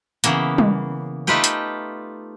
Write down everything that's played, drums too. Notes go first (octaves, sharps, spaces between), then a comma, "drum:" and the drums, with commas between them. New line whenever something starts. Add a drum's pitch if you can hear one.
C#3 E3 A#3 B3, drum: hi-hat
drum: tom G3
A3 D#4 F4 G4 B4 G5
drum: hi-hat